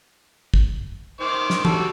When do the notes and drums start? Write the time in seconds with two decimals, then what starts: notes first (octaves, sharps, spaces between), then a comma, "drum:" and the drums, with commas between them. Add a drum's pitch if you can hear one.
0.54 drum: kick
1.20 D#3 C5 D6
1.50 drum: snare
1.65 G3 F#4 A4, drum: tom